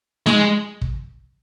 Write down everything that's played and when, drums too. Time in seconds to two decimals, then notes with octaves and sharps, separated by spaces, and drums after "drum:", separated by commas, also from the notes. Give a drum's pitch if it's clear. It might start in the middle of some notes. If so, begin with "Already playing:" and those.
0.26 G#3, drum: snare
0.81 drum: kick